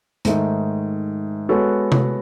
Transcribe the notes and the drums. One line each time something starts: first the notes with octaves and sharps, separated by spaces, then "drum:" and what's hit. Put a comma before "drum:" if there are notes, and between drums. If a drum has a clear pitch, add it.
G#2 D#3 A3 D#4, drum: hi-hat
G#3 B3 F#4 A4 C#5
drum: tom C3